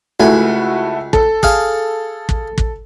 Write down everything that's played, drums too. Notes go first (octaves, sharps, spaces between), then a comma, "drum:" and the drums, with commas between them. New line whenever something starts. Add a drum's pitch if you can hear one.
C#2 A3 E4 F#4 G#5
A4, drum: kick
G#4 F5, drum: kick
drum: kick
drum: kick